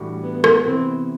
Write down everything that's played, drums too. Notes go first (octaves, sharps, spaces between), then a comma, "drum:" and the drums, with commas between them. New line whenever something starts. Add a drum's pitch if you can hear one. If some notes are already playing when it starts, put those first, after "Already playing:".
Already playing: A2 E3 G3 D4 F#4
B3
drum: rim click
C3 E3 B3 C4